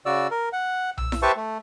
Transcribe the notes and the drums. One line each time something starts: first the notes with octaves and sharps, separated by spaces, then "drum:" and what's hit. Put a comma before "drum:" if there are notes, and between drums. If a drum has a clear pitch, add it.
C#3 F#4 D5 E6
A#4
F#5
E6, drum: tom B1
drum: snare E4
G4 B4 C5 E5 A5 C#6
A3